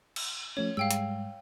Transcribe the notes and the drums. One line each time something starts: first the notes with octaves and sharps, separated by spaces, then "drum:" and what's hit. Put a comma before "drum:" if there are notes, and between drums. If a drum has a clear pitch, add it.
E6, drum: cymbal
F3 A3 C#4 C#5
G#2 G3 G#3 F5 G5 E6
drum: hi-hat